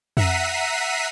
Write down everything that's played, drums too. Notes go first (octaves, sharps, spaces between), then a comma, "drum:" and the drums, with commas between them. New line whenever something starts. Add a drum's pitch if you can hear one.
E5 F#5 A#5 B6 C7 D#7, drum: tom F2